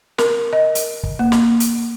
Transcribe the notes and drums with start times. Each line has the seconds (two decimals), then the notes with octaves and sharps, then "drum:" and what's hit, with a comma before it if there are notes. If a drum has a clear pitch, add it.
0.18 A#4, drum: snare
0.53 D#5
0.75 drum: hi-hat
1.03 drum: kick
1.19 A#3
1.32 drum: snare
1.60 drum: hi-hat